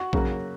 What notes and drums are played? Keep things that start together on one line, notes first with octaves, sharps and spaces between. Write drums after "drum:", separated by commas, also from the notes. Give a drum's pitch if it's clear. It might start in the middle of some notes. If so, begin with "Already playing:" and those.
Already playing: F#4
C#3 F#3 A#3, drum: kick A#1